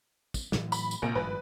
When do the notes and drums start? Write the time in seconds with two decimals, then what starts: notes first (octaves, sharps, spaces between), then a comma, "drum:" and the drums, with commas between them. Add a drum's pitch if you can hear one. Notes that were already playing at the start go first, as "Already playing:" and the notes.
0.34 drum: kick, tambourine
0.52 A2 E3 F#3, drum: snare
0.72 B5, drum: tambourine
0.91 drum: tambourine
1.02 A#1 C3 A#3 C4 A#4 D7
1.15 G#1 G2 F3 B4